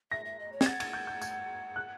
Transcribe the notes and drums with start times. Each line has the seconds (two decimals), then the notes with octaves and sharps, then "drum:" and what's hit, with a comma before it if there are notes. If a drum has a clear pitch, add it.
0.11 E5 A#6
0.25 E5
0.39 D#5
0.52 C#5
0.61 G#6, drum: snare C4
0.66 F#5 A6
0.80 G#6, drum: cymbal
0.93 G6
1.07 G6
1.22 G#6, drum: tambourine
1.76 F#6